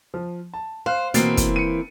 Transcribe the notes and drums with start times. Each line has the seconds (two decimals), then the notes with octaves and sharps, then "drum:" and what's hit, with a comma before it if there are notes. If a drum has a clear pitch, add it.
0.14 F3
0.54 A5
0.86 C5 F5 F#6
1.14 B2 E3 A#3 C4 A6 C7, drum: hi-hat
1.37 drum: kick, hi-hat
1.56 C#7 D#7